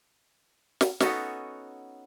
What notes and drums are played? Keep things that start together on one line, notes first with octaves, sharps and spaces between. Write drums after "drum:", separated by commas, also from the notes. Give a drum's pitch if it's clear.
drum: snare
B3 C#4 D#4 F#4 A4 C#5, drum: snare